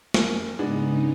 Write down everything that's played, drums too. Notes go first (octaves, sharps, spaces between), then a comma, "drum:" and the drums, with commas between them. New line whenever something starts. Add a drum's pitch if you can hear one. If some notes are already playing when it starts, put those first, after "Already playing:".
F#2 A#4, drum: snare
G#2 C#3 G#3 B3 D4 D#4